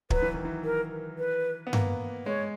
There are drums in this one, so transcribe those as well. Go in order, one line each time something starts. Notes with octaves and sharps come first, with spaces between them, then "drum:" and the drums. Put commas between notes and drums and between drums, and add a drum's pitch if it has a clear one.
F#3 B4, drum: kick
E3
D#3
E3
A#4
B4
B3
A#3, drum: tom G2
G#3 C#5